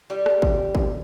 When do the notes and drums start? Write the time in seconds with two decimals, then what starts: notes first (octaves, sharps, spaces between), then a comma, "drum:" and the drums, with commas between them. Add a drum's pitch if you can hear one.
0.10 G3 G4
0.26 drum: rim click
0.42 drum: kick G#1
0.75 drum: kick G#1